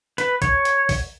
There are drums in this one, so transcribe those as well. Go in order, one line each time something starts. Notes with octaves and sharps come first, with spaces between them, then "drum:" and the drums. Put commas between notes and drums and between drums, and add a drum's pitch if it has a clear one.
B4, drum: hi-hat
C#5, drum: kick, hi-hat
drum: hi-hat
drum: kick, open hi-hat